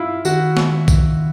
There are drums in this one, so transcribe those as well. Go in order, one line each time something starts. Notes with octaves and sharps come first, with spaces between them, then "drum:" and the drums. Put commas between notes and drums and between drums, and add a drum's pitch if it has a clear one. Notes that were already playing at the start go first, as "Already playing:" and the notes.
Already playing: E4 F4
D#3 F#4, drum: tambourine
drum: snare
drum: kick, tambourine